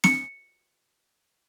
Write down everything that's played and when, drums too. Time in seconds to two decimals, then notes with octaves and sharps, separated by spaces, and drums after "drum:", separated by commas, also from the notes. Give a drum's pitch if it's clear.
0.04 C#7, drum: snare